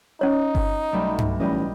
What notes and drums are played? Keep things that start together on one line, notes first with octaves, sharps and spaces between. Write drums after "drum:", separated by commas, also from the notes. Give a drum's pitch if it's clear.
C#4 D#4 C#5
drum: kick G1
B1 G3 A3
drum: tom G2
A1 G3 D#5